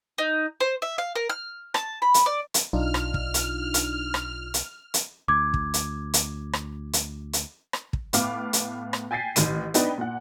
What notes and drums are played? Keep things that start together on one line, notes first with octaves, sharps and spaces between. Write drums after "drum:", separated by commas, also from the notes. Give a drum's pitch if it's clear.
D#4
C5
E5
F5
A#4
F6
A5, drum: rim click
B5
drum: hi-hat
D5
drum: hi-hat
B1 D4 D#4 F4 F6
drum: rim click
drum: kick
drum: hi-hat
drum: hi-hat
drum: rim click
drum: hi-hat
drum: hi-hat
D2 D6 G#6
drum: kick
drum: hi-hat
drum: hi-hat
drum: rim click
drum: hi-hat
drum: hi-hat
drum: rim click
drum: kick
A2 B3 F5 D6, drum: hi-hat
drum: hi-hat
drum: rim click
G5 G#5 A6 B6 C7
A1 D#3 D#7, drum: hi-hat
B3 D4 D#4 B4 G5, drum: hi-hat
A#2 F#5